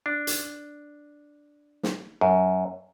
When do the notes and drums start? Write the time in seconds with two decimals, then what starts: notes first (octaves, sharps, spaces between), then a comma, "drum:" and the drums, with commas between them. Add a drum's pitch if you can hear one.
0.06 D4
0.27 drum: hi-hat
1.83 drum: snare
2.21 F#2